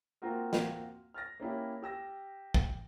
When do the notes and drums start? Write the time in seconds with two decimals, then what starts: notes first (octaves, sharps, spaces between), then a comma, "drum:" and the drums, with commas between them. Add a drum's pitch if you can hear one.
0.22 A#3 C4 F4 F#4 A#4
0.53 drum: snare
1.14 F6 A6 A#6
1.40 A#3 C#4 E4 G4
1.82 G4 E6 A#6
2.54 drum: kick